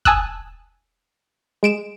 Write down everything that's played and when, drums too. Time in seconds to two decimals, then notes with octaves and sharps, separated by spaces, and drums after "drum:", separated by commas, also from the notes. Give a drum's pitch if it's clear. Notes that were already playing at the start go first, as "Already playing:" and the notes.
0.05 G#5 A5 D#6 E6 F#6, drum: kick
1.63 G#3 D7 E7